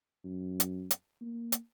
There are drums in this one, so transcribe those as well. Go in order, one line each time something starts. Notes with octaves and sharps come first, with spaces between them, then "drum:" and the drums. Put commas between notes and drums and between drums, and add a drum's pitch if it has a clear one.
F#2
drum: hi-hat
drum: hi-hat
A#3
drum: hi-hat